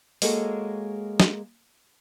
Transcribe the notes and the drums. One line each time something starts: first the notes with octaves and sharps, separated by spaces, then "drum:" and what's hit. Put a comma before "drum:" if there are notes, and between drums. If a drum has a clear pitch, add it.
G#3 A#3 F#4 G#4 A4 C#5, drum: open hi-hat
drum: snare